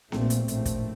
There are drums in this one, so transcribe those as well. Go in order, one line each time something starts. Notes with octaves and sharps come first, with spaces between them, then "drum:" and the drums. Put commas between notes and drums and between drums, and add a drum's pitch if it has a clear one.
A#1 A#2 A3 C4, drum: snare B3
drum: hi-hat
A#1 A2 A3 C4, drum: hi-hat
drum: kick, hi-hat